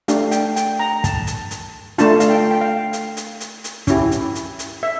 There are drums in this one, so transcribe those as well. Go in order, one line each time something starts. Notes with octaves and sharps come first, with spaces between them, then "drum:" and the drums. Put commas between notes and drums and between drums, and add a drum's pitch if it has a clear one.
A3 D4 G4 F5, drum: hi-hat
G5, drum: hi-hat
G5, drum: hi-hat
A#5
A5, drum: kick, hi-hat
drum: hi-hat
drum: hi-hat
A3 D4 F4 A5, drum: hi-hat
F5, drum: hi-hat
G5
G5
F5
drum: hi-hat
drum: hi-hat
drum: hi-hat
drum: hi-hat
C#4 E4 G4, drum: kick, hi-hat
drum: hi-hat
drum: hi-hat
drum: hi-hat
E5